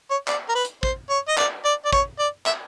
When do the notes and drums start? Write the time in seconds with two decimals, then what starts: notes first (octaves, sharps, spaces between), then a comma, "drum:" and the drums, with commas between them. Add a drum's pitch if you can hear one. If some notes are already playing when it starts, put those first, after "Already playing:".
0.11 C#5
0.28 D5, drum: clap
0.49 A#4
0.55 B4
0.65 drum: hi-hat
0.83 C5, drum: kick
1.10 C#5
1.29 D#5
1.38 D5, drum: clap
1.65 D5
1.85 D5
1.93 C#5, drum: kick
2.19 D5
2.46 E5, drum: clap